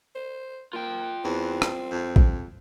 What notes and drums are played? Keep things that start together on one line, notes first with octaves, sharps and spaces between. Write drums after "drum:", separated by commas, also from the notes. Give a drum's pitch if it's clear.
C5
A#3 F4 G5
E2 C4
drum: rim click
F2
drum: kick A#1